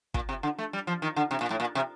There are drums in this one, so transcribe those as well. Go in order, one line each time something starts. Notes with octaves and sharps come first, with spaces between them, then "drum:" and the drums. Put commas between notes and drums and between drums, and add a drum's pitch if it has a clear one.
A#2, drum: kick
C3
D3
A3
G3
F3
D#3
D3
C3
A#2
A2
A#2
C3